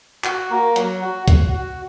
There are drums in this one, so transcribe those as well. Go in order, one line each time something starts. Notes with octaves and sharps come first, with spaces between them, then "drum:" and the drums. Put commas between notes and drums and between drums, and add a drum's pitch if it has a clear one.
F#4, drum: clap
A#3
F#3, drum: hi-hat
F#4
F#4, drum: kick C2, hi-hat
F#4